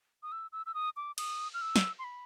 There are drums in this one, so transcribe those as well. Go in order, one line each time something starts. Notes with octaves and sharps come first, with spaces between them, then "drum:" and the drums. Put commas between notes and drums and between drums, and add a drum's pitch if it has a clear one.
D#6
E6
E6
E6
D#6
D6
D#6, drum: cymbal
F6
E6
drum: snare
C6
B5